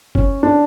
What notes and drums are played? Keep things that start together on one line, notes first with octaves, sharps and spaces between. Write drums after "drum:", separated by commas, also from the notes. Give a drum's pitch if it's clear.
C#4, drum: kick
D4